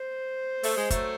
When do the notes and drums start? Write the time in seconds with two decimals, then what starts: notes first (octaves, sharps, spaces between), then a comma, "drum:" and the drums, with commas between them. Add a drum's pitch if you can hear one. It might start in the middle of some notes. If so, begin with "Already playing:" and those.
Already playing: C5
0.63 A3, drum: open hi-hat
0.77 G#3
0.90 F#3 A3, drum: kick, hi-hat